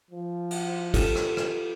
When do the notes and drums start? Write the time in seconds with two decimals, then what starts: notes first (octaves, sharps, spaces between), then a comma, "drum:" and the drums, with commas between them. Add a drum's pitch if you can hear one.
0.11 F3
0.51 drum: cymbal
0.94 F4 G4 A4, drum: kick, cymbal
1.15 drum: rim click
1.37 drum: rim click